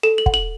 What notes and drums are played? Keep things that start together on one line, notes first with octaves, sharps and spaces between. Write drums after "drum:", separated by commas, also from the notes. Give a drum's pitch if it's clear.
A4 E7
F#7
F#5, drum: kick
F#7